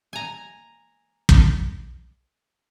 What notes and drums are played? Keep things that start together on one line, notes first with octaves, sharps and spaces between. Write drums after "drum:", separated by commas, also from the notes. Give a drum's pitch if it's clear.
G#5 A#5
drum: kick